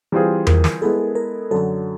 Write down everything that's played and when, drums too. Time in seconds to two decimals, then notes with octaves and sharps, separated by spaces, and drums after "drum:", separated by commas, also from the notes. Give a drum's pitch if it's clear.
0.12 E3 G3 C4 F4 G#4
0.47 A#4, drum: tom E2
0.64 drum: snare
0.81 G#3 B3 E4 G#4 A4
1.15 A#4
1.51 F#2 D3 F#3 A4